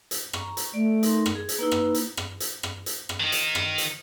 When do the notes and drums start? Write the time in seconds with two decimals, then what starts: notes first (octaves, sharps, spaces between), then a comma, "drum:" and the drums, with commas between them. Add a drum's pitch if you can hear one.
0.11 drum: hi-hat
0.33 A#5 C#6, drum: rim click
0.57 drum: hi-hat
0.74 A3 D5
1.03 D#4 A#4 C6, drum: hi-hat
1.26 drum: rim click
1.35 G#4
1.49 drum: hi-hat
1.59 A#3 D#4 E4 B4
1.72 drum: rim click
1.94 drum: hi-hat
2.17 drum: rim click
2.40 drum: hi-hat
2.63 drum: rim click
2.86 drum: hi-hat
3.09 drum: rim click
3.20 D#3 D#4
3.32 drum: hi-hat
3.55 drum: rim click
3.78 drum: hi-hat